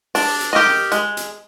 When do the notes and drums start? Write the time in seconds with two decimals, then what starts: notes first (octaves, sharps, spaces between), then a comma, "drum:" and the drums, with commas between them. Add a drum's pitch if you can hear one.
0.15 D4, drum: open hi-hat
0.40 drum: hi-hat
0.53 G4 A#4 D#5
0.66 drum: snare
0.92 G#3, drum: hi-hat
1.17 drum: hi-hat